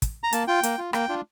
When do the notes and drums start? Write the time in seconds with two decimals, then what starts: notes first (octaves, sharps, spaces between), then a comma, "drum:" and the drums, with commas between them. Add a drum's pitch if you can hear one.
0.02 drum: kick, hi-hat
0.24 A#5
0.33 A#3 A5, drum: hi-hat
0.47 F4 G5
0.63 A#3, drum: hi-hat
0.78 F4
0.93 A#3 G5, drum: rim click
1.09 D4 F4